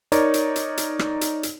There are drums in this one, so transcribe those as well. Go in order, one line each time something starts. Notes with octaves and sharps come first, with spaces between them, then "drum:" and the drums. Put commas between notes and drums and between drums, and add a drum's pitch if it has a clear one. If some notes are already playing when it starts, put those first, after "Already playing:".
D#4 A#4 C#5 D5, drum: hi-hat
drum: hi-hat
drum: hi-hat
drum: hi-hat
drum: rim click
drum: hi-hat
drum: hi-hat